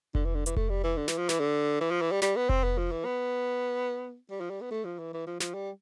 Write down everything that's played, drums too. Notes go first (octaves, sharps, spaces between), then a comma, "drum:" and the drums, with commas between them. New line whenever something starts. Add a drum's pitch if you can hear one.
D3, drum: kick F1
E3
D3
E3, drum: hi-hat
A3, drum: kick F1
G3
E3
D3
E3, drum: snare
F3
E3, drum: snare
D3
E3
F3
E3
G3
G3, drum: snare
B3
C4, drum: kick F1
B3
F3
E3
B3
G3
F3
G3
B3
A3
F3
E3
E3
F3
F3, drum: snare
G3